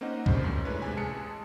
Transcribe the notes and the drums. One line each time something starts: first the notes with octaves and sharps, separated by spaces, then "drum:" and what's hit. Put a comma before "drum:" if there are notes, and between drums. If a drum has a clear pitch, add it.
A#3 C4 C#4 D#4 D#5 F#5
G2 A#2 C#3 G3 C#4 C5, drum: kick C#2
F#2
G#3 A3 D4 E4 B4 C#5
C3 G#3 G#5
A1 G#3 G#4 A5 C#7